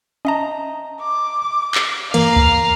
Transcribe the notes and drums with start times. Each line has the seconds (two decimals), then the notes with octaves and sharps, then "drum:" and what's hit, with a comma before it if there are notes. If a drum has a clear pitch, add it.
0.25 C#4 D#5 E5 A5 A#5
1.01 D6
1.75 drum: clap
2.14 G2 E3 A#3 F5 A#5 C7, drum: cymbal
2.36 drum: kick C#2